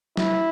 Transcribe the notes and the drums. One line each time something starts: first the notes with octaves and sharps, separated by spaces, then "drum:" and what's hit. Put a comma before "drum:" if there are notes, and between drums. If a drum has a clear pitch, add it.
E4, drum: snare